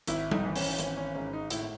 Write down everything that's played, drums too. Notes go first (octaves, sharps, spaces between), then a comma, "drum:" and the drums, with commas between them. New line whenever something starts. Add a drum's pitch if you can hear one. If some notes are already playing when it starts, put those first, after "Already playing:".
G#1 E4, drum: hi-hat
D#4, drum: tom G3
E3
C#4, drum: open hi-hat
G#1 C#4, drum: hi-hat
C#4
G#2 C#4
D#4
A2 E4, drum: hi-hat